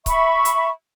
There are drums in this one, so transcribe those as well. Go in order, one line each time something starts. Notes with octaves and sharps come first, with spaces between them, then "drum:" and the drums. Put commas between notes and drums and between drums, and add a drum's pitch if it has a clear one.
E5 B5 C#6, drum: kick C#1, hi-hat
drum: hi-hat